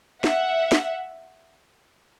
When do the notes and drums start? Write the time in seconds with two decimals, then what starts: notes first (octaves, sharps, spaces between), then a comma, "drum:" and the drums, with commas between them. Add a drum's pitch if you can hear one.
0.24 E5 F#5, drum: snare
0.72 drum: snare